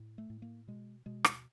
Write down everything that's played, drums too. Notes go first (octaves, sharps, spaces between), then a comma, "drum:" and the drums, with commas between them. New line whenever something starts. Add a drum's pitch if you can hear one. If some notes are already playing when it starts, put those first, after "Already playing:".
Already playing: A2
A3
A2
A#3
B2 G#3
B2 G#3
drum: rim click